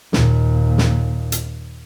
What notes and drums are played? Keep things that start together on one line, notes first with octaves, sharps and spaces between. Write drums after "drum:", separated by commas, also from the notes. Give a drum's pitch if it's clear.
D#2 A#2, drum: snare
drum: snare
drum: hi-hat